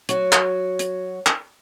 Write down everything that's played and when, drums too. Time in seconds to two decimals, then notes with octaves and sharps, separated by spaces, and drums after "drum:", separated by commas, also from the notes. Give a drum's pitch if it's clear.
0.09 F#3 F#4, drum: hi-hat
0.32 drum: clap
0.79 drum: hi-hat
1.26 drum: clap